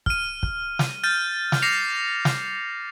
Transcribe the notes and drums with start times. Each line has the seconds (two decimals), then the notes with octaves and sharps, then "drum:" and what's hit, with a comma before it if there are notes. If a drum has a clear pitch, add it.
0.06 F6 D#7, drum: kick
0.43 drum: kick
0.79 drum: snare
1.03 F6 G6 A6 D#7
1.52 drum: snare
1.62 D6 A#6 C7 C#7 F7
2.25 drum: snare